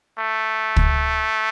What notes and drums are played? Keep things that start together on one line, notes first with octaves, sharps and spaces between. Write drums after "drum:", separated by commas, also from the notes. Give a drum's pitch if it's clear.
A3
drum: kick